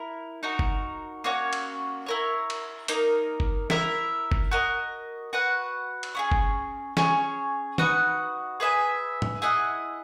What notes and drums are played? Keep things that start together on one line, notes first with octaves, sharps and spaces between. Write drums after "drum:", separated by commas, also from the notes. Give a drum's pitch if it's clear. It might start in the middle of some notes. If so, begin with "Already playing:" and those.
Already playing: E4 A#4
D#4 F#4 A#4
drum: kick F#1
A#3 C#4 F#4 C#5
drum: cymbal
E4 A#4 C#5
drum: cymbal
A#3 D#4 A#4, drum: hi-hat
drum: kick F#1
E4 A#4 E5, drum: snare
drum: kick F#1
F#4 A#4 D#5
F#4 B4 F#5
drum: cymbal
C#4 E4 G#4
drum: kick F#1
C#4 G#4 C#5, drum: snare
D#4 F#4 B4 F#5, drum: tom
G#4 B4 E5 G#5
drum: tom
E4 G#4 D#5 F#5